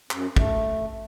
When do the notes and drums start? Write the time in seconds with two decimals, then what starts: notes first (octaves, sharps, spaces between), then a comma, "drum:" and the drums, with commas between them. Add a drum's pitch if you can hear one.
0.11 F#2, drum: clap
0.36 A3, drum: kick